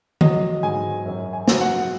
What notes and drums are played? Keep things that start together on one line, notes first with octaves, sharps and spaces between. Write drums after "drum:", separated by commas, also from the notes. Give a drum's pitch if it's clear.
F#3 D#5, drum: tom D3
G#2 G#5
F#2
G#5
F#3, drum: snare
F#5